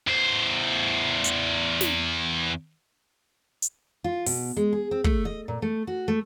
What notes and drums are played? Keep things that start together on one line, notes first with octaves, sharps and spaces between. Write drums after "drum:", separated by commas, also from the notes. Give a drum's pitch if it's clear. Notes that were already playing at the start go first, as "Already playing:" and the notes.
E2 C5
drum: hi-hat
drum: snare
drum: hi-hat
F4
B2, drum: open hi-hat
G#3
G#4
C4
A3, drum: kick
D#5
A#2
A3
F#4
A3